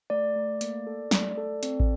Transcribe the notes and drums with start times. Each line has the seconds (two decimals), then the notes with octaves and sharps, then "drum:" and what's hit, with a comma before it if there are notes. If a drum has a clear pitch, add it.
0.10 A3 D5
0.36 A3
0.61 A#3, drum: hi-hat
0.87 A4
1.11 A3, drum: snare
1.37 A4
1.63 C4, drum: hi-hat
1.80 drum: kick